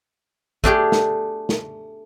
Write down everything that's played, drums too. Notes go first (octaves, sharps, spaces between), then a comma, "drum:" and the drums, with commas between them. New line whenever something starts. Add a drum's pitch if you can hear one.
A3 D4 G4 G#4, drum: kick
drum: snare
drum: snare